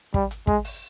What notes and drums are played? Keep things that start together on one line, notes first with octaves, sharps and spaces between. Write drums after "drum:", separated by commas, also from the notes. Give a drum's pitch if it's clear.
G3, drum: kick
drum: hi-hat
G#3, drum: kick
drum: open hi-hat